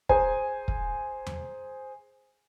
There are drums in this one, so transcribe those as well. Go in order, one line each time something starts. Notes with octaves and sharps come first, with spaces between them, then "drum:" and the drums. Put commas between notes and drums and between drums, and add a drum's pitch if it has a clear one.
G#4 C5 G#5 A#5, drum: kick
drum: kick
drum: tom E2